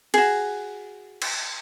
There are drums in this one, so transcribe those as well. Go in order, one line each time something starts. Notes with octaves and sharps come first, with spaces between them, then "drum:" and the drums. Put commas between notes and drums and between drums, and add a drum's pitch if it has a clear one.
F#4 G#4, drum: cymbal
drum: cymbal